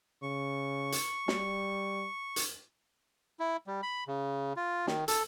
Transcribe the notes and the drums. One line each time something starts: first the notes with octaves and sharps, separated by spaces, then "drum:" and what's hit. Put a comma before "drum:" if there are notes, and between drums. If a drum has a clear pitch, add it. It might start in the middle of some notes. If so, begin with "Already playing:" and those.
C#3 C#6
drum: hi-hat
G3, drum: snare
drum: hi-hat
E4
G3
B5
C#3
F4
D#3, drum: snare
A4, drum: hi-hat